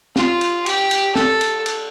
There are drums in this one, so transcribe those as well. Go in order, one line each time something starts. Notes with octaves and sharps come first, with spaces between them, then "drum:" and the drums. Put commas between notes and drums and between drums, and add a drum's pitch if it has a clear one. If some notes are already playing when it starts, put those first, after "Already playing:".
F4, drum: snare
drum: cymbal
G4, drum: cymbal
drum: cymbal
A4, drum: snare
drum: cymbal
drum: cymbal